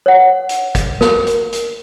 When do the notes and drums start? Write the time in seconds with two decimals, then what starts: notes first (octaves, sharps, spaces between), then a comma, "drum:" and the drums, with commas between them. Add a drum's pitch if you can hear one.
0.06 C#5 F#5
0.49 drum: hi-hat
0.75 drum: kick, hi-hat
1.01 A#4, drum: snare
1.27 drum: hi-hat
1.52 drum: hi-hat